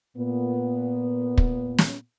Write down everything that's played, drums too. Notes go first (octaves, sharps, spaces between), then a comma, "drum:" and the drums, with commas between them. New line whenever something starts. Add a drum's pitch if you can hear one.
A#2 B3
drum: kick
drum: snare